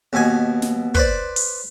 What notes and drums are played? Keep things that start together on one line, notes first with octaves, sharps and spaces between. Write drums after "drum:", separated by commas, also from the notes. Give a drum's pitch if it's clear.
D#2 B2 G#5
drum: snare
B4 C5 D5, drum: kick
drum: open hi-hat